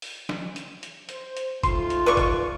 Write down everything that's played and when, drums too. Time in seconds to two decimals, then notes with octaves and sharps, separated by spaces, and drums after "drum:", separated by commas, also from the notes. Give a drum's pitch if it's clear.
0.02 drum: open hi-hat
0.29 drum: snare
0.56 drum: hi-hat
0.83 drum: hi-hat
1.09 C5, drum: hi-hat
1.37 drum: hi-hat
1.63 G#2 A3 F4 C6, drum: kick, hi-hat
1.90 drum: hi-hat
2.06 B4 D5 C#6
2.17 drum: kick, hi-hat